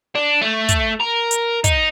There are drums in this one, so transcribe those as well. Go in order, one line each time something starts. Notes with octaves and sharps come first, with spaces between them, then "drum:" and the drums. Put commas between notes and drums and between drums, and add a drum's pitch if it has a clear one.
D4
A3
drum: kick, hi-hat
A#4
drum: hi-hat
D#4, drum: kick, hi-hat